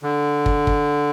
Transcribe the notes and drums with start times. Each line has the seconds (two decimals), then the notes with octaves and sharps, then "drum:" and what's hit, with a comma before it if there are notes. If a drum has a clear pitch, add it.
0.03 D3
0.46 drum: kick
0.67 drum: kick